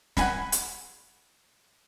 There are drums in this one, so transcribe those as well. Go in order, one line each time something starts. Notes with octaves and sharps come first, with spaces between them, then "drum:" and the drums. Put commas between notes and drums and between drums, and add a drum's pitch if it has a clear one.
F#5 G#5 B5, drum: snare
drum: hi-hat